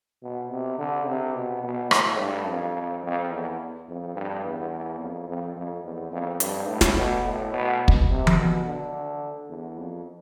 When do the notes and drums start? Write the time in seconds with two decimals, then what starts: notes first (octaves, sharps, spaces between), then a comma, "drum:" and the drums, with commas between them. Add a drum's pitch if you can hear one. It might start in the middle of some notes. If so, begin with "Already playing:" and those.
0.23 B2
0.50 C3
0.79 D3
1.06 C3
1.34 B2
1.63 B2
1.91 A2, drum: rim click
2.19 G2
2.47 F2
3.04 F2
3.32 E2
3.88 F2
4.15 G2
4.44 E2
5.00 F2
5.29 F2
5.56 F2
5.84 E2
6.12 F2
6.40 G2, drum: hi-hat
6.68 A2
6.81 drum: snare
6.97 B2
7.24 A2
7.53 B2
7.88 drum: kick
8.09 C3
8.27 drum: tom E3
8.36 B2
8.65 D3
9.49 E2
9.78 F2